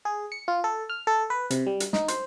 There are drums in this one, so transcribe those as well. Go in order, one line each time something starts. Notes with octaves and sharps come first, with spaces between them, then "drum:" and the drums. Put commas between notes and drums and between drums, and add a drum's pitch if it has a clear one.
G#4
C#7
F4
A4
F6
A4
B4
C3, drum: hi-hat
G3
drum: hi-hat
D#4, drum: snare
C5, drum: hi-hat